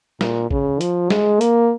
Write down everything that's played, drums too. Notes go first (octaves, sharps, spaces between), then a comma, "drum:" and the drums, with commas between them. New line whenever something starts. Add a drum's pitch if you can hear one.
A#2, drum: snare
C#3, drum: kick
F3, drum: hi-hat
G#3, drum: snare
A#3, drum: hi-hat